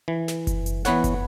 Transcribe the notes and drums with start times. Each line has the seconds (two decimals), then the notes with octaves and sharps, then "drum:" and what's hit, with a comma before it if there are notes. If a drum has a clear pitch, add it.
0.08 E3
0.28 drum: snare
0.47 drum: kick F#1, hi-hat
0.66 drum: hi-hat
0.85 E3 B3 B4 C#5 F#5, drum: snare
1.04 drum: kick F#1, hi-hat